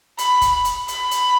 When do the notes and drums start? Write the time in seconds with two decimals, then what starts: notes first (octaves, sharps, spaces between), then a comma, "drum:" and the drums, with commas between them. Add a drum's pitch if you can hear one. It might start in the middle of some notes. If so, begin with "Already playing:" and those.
0.19 B5, drum: hi-hat
0.42 drum: kick, hi-hat
0.65 drum: hi-hat
0.88 B5, drum: hi-hat
1.11 drum: hi-hat